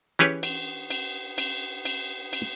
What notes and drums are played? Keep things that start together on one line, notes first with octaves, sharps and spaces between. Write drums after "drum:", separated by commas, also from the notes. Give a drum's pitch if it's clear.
E3 C#4 G4 G#4 B4 C#5
drum: cymbal
drum: cymbal
drum: cymbal
drum: cymbal
drum: cymbal